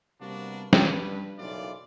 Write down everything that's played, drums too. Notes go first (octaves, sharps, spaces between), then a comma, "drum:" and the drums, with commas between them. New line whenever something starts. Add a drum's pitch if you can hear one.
C3 G3 A#3 B3 D4 F#4
G2 B4, drum: snare
F#1 B1 A#2 E3 F4 D5